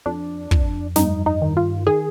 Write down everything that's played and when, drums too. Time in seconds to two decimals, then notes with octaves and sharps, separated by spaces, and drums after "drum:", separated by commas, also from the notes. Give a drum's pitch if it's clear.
0.06 F2 D4
0.51 F2, drum: kick
0.96 G2 D#4, drum: snare
1.26 D#4
1.42 D#3
1.57 F4
1.87 D#3 G#4